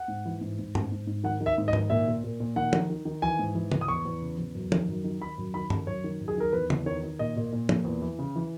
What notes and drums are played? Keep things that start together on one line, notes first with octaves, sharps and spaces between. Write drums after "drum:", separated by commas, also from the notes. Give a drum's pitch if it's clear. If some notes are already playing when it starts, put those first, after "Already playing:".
Already playing: F#5
G#2
E3
G#2
G#2
G#2, drum: tom G2
G#2
G#2
D#3 F#5
D#3
E5
G#2
D#5
D#3, drum: tom G#2
A#2 E5
A#2
A#2
A#2
D#3 F#5
D#3, drum: tom F3
D#3
D#3
E3 G#5
G#2
E3
E3, drum: tom C#3
D#6
E2 C#6
E2
C#3
E2
F#2
D#3, drum: tom F3
F#2
D#3
D#3 B5
F#2
D#3 B5
D#3, drum: tom G2
F#2 C#5
D#3
F#2
G#4
D#3 A#4
E2 B4
E2, drum: tom C#3
D#3 C#5
D#3
A#2 D#5
A#2
A#2
A#2, drum: tom F3
E2
E3
C#3
E3